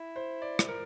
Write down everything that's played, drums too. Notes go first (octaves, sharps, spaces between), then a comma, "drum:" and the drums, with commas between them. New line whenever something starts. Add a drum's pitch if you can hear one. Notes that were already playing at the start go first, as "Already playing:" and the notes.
Already playing: E4
C5
D5
drum: rim click
A#4